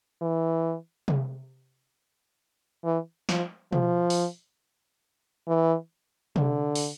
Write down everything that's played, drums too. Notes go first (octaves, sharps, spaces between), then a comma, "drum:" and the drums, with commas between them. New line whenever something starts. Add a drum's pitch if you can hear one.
E3
drum: tom C3
E3
F3, drum: snare
F3, drum: tom B2
drum: open hi-hat
E3
D3, drum: tom C3
drum: open hi-hat